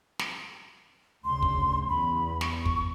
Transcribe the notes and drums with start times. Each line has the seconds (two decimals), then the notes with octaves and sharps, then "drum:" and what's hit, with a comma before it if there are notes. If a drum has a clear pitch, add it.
0.19 drum: snare
1.25 D2 C#3 C6
1.42 drum: kick
1.89 E2 B5
2.41 C#6, drum: snare
2.66 drum: kick